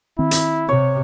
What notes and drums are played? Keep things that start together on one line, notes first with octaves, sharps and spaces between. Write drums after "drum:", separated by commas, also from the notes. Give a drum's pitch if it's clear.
D#3 C4 E4
drum: hi-hat
C3 C#5